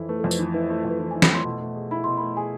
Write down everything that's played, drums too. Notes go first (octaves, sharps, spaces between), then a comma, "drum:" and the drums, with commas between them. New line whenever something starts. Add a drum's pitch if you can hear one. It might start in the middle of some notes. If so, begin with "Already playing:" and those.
Already playing: F2 E3 E4 A4
A3 B4
A4
F2
B4, drum: tambourine
E3
E4 B4
A3
F2 A4
B4
E3 C5
G#5
E4
B5, drum: snare
A3 C6
B2
A3
G#4
E4 B5
B2 C6
B5
A3
G#4 G#5